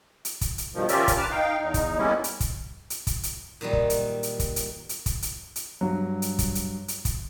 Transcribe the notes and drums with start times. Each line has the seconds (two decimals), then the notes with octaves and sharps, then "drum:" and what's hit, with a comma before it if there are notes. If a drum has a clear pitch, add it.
0.25 drum: hi-hat
0.41 drum: kick, hi-hat
0.58 drum: hi-hat
0.75 G2 B2 D#3 F3
0.89 C#4 F4 G4 A#4 D5 E5, drum: hi-hat
1.08 drum: kick, hi-hat
1.17 B4 A5 D6 F6
1.30 D#4 F5 G5
1.61 E2 D#4
1.74 drum: kick, hi-hat
1.98 G3 G#3 A#3 B3 C#4 E4
2.24 drum: hi-hat
2.40 drum: kick, hi-hat
2.90 drum: hi-hat
3.07 drum: kick, hi-hat
3.23 drum: hi-hat
3.61 A#2 D#3 F#3 G3
3.73 drum: kick
3.90 drum: hi-hat
4.23 drum: hi-hat
4.39 drum: kick, hi-hat
4.56 drum: hi-hat
4.89 drum: hi-hat
5.06 drum: kick, hi-hat
5.22 drum: hi-hat
5.56 drum: hi-hat
5.81 G2 F#3
6.22 drum: hi-hat
6.39 drum: kick, hi-hat
6.55 drum: hi-hat
6.88 drum: hi-hat
7.05 drum: kick, hi-hat